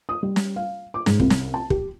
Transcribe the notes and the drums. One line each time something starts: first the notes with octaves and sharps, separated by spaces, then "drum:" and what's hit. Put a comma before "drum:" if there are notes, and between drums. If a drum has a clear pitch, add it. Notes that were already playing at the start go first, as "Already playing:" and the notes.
D#6
G3
drum: snare
F5
D6
G#2, drum: snare
C2, drum: kick
drum: snare
A5
G4, drum: kick